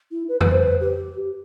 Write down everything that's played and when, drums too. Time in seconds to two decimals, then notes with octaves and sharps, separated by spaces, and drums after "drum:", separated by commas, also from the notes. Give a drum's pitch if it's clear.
0.11 E4
0.28 B4
0.41 B4, drum: tom F2
0.51 C5
0.63 B4
0.80 G4